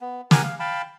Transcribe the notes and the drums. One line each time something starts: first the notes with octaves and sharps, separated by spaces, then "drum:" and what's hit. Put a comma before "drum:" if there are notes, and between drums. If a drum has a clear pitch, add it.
B3
G4 A#4 F#5 G#5, drum: snare
F5
F5 G5 A5 B5